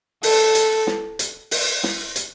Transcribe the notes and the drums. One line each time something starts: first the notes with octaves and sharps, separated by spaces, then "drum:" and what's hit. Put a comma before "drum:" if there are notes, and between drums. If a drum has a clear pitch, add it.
A4, drum: open hi-hat
drum: hi-hat
drum: snare
drum: hi-hat
drum: open hi-hat
drum: snare
drum: hi-hat